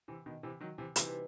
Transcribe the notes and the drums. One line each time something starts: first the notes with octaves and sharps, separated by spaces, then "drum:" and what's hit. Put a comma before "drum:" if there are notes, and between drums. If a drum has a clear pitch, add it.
C3 E3
B2 D#3
C3 E3
D#3 F#3
C3 E3
C3 E3 G3 D#4 F#4 B4, drum: hi-hat